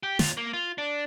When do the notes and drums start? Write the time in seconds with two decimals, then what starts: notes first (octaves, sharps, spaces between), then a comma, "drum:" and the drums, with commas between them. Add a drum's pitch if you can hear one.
0.03 G4
0.19 D#2 F4, drum: snare
0.37 A#3
0.53 F4
0.78 D4